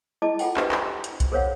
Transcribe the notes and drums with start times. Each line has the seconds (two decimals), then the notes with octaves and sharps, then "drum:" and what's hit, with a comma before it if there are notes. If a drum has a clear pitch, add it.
0.22 E4 G#4 D#5 A5 D6
0.39 F4 A4 F#5 G5, drum: open hi-hat
0.57 D4 F#4 G4 B4 C5, drum: clap
0.72 drum: clap
0.84 G4
1.04 drum: hi-hat
1.20 drum: kick B1, hi-hat
1.32 G#4 A#4 C5 C#5 F5 F#5